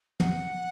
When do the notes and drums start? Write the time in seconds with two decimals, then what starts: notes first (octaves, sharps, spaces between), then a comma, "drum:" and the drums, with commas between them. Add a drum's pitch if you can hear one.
0.20 F#5, drum: tom